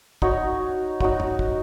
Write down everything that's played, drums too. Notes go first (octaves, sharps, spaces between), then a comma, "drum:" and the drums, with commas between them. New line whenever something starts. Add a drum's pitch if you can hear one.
D#4 F#4 C#5, drum: kick
D#4 F#4 C#5, drum: kick
drum: tom F2
drum: kick